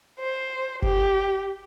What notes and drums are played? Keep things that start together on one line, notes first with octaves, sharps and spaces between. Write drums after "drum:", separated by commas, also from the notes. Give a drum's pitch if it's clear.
C5
G4, drum: kick F#1